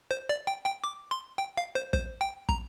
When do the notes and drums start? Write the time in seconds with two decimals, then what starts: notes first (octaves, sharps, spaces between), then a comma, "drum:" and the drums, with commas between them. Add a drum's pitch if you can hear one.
0.11 C5
0.29 D5
0.47 G5
0.66 G5
0.84 D6
1.11 C6
1.38 G5
1.57 F5
1.75 C5
1.93 C5, drum: kick
2.21 G5
2.49 A#5, drum: kick